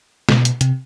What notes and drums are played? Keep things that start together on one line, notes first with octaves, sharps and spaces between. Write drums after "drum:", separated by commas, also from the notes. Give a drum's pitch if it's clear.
B2, drum: snare
drum: hi-hat
C3, drum: hi-hat